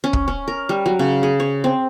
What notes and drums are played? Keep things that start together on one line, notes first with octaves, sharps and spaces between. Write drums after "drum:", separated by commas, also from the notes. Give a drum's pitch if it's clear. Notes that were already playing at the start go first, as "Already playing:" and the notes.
C#4
drum: kick
C#4
A#4
G3
F#3
C#3
G#4
C#5
C4